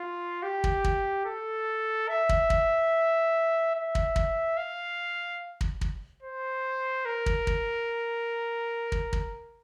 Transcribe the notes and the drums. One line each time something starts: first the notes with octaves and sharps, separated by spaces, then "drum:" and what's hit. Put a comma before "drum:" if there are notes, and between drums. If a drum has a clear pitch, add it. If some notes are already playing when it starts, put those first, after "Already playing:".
Already playing: F4
G4
drum: kick
drum: kick
A4
E5
drum: kick
drum: kick
E5
drum: kick
drum: kick
F5
drum: kick
drum: kick
C5
A#4
drum: kick
drum: kick
drum: kick
drum: kick